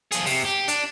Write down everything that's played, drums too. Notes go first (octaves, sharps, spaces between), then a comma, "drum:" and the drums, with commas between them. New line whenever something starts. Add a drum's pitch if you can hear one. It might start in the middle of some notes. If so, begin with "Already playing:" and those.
F3 G#4, drum: hi-hat
C3, drum: open hi-hat
G4
D4, drum: hi-hat